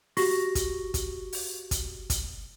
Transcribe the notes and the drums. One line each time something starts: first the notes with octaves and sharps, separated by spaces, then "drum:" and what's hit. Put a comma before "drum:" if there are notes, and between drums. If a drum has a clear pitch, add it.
F#4 G4 C#6 A#6, drum: open hi-hat
drum: kick, hi-hat
drum: kick, hi-hat
drum: open hi-hat
drum: kick, hi-hat
drum: kick, hi-hat